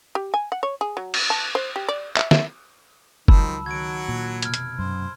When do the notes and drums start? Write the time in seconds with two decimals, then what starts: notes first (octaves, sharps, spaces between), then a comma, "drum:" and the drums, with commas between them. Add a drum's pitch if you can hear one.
0.15 G4
0.34 G#5
0.52 F#5
0.63 C#5
0.81 G#4
0.97 F#3
1.14 drum: cymbal
1.30 A5
1.55 C5
1.76 G4
1.88 D5
2.17 E5, drum: clap
2.31 E5, drum: snare
3.28 C#2 D#3 F3 F#3 A5 B5 E6, drum: kick F#1
3.66 D#3 F#3 F#4 G#6 D7
4.08 A#2
4.42 F1 B2 F6 G#6, drum: hi-hat
4.54 drum: hi-hat
4.79 F#2 C5